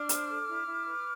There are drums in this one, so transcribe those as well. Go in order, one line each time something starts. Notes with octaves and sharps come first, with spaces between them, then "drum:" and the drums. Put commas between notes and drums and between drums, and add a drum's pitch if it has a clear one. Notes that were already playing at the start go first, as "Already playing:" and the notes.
Already playing: D4 D6 F6
C5, drum: hi-hat
A4
E4
E4
B4